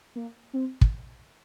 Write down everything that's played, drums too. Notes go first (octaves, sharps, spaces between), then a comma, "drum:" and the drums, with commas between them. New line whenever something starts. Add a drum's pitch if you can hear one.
A#3
C4
drum: kick